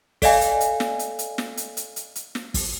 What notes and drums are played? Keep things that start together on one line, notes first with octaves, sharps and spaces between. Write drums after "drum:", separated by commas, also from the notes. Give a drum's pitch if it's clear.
A4 D5 D#5 F5 G#5, drum: kick, open hi-hat
drum: hi-hat
drum: hi-hat
drum: snare
drum: hi-hat
drum: hi-hat
drum: snare
drum: hi-hat
drum: hi-hat
drum: hi-hat
drum: hi-hat
drum: snare
drum: kick, open hi-hat